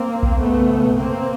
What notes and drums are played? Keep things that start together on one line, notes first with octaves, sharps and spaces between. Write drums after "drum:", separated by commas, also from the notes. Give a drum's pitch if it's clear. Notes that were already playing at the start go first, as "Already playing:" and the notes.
Already playing: A#3 C4
drum: kick A#1
F#2 C#3 A3 B3
drum: tom A#2
A#3 C4